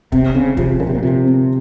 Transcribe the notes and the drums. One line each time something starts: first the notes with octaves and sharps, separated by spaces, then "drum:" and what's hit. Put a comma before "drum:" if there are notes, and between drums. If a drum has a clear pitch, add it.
C3 C4, drum: kick
C#3 C4
C3 F3, drum: kick
C#3 A#4
C3
A#2
C3 F4
C4